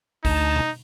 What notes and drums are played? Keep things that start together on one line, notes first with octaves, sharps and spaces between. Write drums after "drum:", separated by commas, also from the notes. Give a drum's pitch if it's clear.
D2 D#4 A5, drum: kick A1, open hi-hat
drum: tom B2